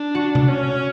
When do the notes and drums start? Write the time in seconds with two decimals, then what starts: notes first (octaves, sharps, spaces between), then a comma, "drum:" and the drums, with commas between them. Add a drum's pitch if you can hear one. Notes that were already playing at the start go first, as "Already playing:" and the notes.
Already playing: D4
0.15 F#4
0.35 drum: tom C3
0.49 C#4